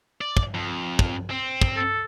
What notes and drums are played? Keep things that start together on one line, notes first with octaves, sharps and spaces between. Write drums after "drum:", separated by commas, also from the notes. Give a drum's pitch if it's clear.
D5
drum: kick
F2
drum: kick
C4
drum: kick
A4